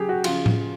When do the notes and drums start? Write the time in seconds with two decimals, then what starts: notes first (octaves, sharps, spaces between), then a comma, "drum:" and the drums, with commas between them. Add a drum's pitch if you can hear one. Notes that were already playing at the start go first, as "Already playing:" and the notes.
Already playing: C#3 F#3 G4 G#4
0.09 F#4
0.24 C#3 F3 F4, drum: cymbal
0.46 drum: tom A2